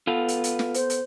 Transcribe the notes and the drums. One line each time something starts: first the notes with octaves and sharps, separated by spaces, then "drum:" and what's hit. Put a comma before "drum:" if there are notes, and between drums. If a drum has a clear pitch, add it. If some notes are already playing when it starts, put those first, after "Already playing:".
B3 F4 A4 B4 F5
drum: hi-hat
drum: hi-hat
drum: snare
C5, drum: hi-hat
drum: hi-hat